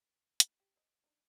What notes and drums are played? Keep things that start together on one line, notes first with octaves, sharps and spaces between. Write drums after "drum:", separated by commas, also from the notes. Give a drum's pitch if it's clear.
D#3 A3, drum: hi-hat
G4
C5 D#5
D4 D#4